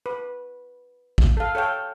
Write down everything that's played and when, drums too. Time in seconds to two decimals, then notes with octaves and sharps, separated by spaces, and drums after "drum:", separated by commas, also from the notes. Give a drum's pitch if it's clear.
0.06 B4
1.18 drum: kick
1.37 A4 F5
1.55 A4 C#5 F5 G5